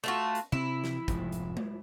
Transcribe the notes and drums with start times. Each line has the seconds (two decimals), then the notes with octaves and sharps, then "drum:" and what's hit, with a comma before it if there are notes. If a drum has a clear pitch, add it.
0.04 A3 F4 F#4
0.35 drum: hi-hat
0.52 C3 C4 E4
0.84 drum: snare
1.08 F1 G#2 F3, drum: kick, hi-hat
1.32 drum: hi-hat
1.57 drum: tom G#3